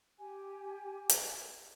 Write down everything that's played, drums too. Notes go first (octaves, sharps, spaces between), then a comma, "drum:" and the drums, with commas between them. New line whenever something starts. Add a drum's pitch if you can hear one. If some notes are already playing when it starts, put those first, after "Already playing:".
G4 G#5
drum: hi-hat